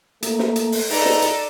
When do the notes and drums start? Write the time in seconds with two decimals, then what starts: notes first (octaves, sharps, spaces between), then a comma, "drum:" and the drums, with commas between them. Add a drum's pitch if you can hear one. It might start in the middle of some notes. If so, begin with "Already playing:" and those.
0.22 A3 A#3, drum: hi-hat
0.39 drum: snare
0.56 drum: hi-hat
0.72 drum: open hi-hat
0.90 D#4 G#4 A4 B4 D5 E5 A#5, drum: open hi-hat
1.05 drum: snare
1.22 drum: hi-hat